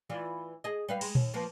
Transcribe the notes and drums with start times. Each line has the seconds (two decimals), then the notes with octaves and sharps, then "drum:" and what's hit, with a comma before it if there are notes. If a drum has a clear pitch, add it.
0.10 E3 F4 D5
0.64 G#4 D#5
0.89 G3 B4 F5
1.01 G#3, drum: cymbal
1.15 D#2, drum: tom A#2
1.34 F3 A#3 B3